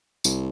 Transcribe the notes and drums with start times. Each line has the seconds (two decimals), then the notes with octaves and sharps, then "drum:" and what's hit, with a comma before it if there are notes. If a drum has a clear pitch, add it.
0.24 C2, drum: tambourine